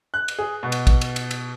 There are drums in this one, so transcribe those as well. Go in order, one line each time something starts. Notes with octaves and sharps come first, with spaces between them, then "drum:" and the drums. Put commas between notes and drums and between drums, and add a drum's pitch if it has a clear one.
F#6
drum: cymbal
G#4
B2
drum: cymbal
drum: kick, cymbal
drum: cymbal
drum: cymbal
drum: cymbal